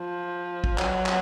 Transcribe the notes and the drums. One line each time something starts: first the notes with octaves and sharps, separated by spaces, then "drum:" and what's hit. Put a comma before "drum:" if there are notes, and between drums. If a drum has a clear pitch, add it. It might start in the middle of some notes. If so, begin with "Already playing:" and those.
Already playing: F3
drum: kick
F#3, drum: clap
drum: clap